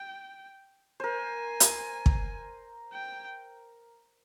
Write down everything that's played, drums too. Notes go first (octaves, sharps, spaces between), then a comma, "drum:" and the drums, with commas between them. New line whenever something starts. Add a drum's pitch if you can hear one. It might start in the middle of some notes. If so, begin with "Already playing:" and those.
Already playing: G5
A#4 C5 G#5
drum: hi-hat
drum: kick
G5